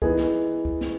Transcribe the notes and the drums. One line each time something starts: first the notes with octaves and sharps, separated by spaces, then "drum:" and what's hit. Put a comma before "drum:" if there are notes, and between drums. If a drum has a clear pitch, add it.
E3 B3 D#4 G#4, drum: kick
drum: snare
drum: kick
drum: snare